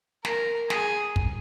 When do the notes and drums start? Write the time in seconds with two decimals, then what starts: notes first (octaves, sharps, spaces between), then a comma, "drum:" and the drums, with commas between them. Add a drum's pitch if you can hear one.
0.25 A#4, drum: snare
0.70 G#4, drum: snare
1.16 drum: kick